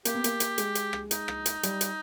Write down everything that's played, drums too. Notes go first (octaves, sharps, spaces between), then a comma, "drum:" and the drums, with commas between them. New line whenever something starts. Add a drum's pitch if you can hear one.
A#3 G4, drum: hi-hat
B3
A#3, drum: hi-hat
drum: hi-hat
G#3, drum: hi-hat
drum: hi-hat
drum: rim click
D#4, drum: hi-hat
drum: rim click
drum: hi-hat
G3, drum: hi-hat
drum: hi-hat